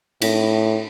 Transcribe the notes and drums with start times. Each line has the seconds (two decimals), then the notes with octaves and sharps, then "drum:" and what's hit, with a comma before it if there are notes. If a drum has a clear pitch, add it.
0.22 A2, drum: cymbal